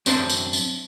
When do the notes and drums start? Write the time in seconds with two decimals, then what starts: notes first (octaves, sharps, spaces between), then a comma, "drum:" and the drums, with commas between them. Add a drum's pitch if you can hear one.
0.06 F#2 C4 D4 C5 E5 A5, drum: tambourine
0.30 drum: tambourine
0.53 drum: tambourine